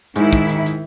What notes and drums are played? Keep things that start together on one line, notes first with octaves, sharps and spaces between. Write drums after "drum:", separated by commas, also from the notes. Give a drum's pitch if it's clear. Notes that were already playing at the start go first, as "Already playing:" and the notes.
G#2 D#3 E4, drum: hi-hat
drum: kick, hi-hat
drum: hi-hat
drum: hi-hat